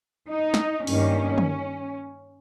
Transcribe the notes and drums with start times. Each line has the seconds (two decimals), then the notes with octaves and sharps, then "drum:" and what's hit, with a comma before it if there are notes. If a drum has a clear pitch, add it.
0.29 D#4
0.54 drum: snare
0.87 G2 D#3 G3 A#3 C#4, drum: open hi-hat
1.38 drum: tom